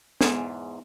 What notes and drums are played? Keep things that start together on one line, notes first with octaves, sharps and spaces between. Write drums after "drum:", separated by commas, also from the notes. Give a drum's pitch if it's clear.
E2 G#2 B3 A5, drum: snare